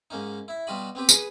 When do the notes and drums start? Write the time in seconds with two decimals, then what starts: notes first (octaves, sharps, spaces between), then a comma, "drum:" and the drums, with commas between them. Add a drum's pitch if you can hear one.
0.10 G#2 A#3 C#4 D#4
0.48 E4 E5
0.67 B2 G3 F4 F#4 D#5 B5
0.95 B3 C4 G4 B4
1.09 G#4 B4 G#5, drum: tambourine